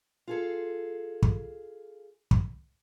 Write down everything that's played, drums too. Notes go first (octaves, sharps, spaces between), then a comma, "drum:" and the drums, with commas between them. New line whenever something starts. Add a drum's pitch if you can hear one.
F4 G#4 A4
drum: kick
drum: kick